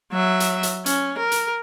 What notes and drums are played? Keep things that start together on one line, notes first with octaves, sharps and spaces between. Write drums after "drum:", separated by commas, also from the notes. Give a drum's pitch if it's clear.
F#3 E5
drum: hi-hat
drum: hi-hat
C#4, drum: hi-hat
A#4
drum: hi-hat